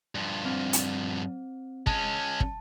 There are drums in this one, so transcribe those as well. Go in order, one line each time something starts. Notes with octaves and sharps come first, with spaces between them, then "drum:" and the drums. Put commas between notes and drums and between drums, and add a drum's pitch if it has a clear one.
G2 F3
C4
drum: hi-hat
G#3 C#4 A5, drum: kick
drum: kick